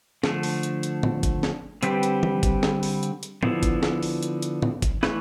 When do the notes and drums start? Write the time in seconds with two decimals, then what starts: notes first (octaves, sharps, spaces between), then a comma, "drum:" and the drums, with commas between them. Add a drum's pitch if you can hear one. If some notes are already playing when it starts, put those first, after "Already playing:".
0.23 D3 F3 A3, drum: snare
0.43 drum: open hi-hat
0.63 drum: hi-hat
0.83 drum: hi-hat
1.03 drum: tom A2
1.23 drum: kick, hi-hat
1.43 drum: snare
1.83 D3 G3 C4 G4 B4, drum: hi-hat
2.03 drum: hi-hat
2.23 drum: tom
2.43 drum: kick, hi-hat
2.63 drum: snare
2.83 drum: open hi-hat
3.03 drum: hi-hat
3.23 drum: hi-hat
3.43 D3 F3 B3 E4, drum: tom A2
3.63 drum: kick, hi-hat
3.83 drum: snare
4.03 drum: open hi-hat
4.23 drum: hi-hat
4.42 drum: hi-hat
4.62 drum: tom A2
4.82 drum: kick, hi-hat
5.03 E3 A3 E4 B4, drum: snare